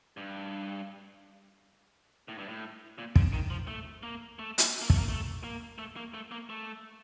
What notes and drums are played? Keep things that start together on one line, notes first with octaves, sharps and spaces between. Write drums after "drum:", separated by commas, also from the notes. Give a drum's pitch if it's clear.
G2
A2
G2
A2
A#2
D3, drum: kick
D#3
F3
A3
A#3
A3
drum: hi-hat
A#3
A3, drum: kick
A#3
A3
A#3
A3
A#3
A3
A#3
A3